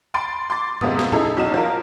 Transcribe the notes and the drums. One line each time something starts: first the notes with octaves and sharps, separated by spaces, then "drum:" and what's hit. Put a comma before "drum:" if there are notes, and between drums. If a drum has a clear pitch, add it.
B5 C6 A6 D7
C6 D6 A6
F2 C3 G#3 A#3 B3 D#6, drum: tom G#2
drum: snare
C#4 D#4 E4 G#4 A4, drum: tom A2
B1 D#4 F#4 F6 E7
F3 F4 A#4